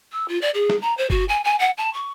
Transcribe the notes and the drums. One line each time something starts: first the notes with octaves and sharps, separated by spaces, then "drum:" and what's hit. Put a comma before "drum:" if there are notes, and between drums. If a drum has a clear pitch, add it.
E6
F4
D5
G#4
drum: snare
A#5
C5
F#4, drum: kick F#1
G#5
G#5
F#5
A5
C#6